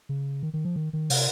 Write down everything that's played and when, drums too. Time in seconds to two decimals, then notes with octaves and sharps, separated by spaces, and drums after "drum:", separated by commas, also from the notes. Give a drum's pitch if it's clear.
0.09 C#3
0.43 D#3
0.53 D#3
0.65 F3
0.76 D#3
0.93 D#3
1.10 C3, drum: open hi-hat